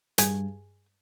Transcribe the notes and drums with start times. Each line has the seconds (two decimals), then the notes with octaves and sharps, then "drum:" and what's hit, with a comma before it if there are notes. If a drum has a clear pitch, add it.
0.18 G2 G#4, drum: hi-hat